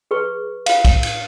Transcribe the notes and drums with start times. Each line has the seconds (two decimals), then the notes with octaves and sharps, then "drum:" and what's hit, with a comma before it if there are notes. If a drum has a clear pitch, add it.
0.11 G#4 B4 C#6
0.66 F4 F5, drum: cymbal
0.85 drum: kick, cymbal
1.03 drum: cymbal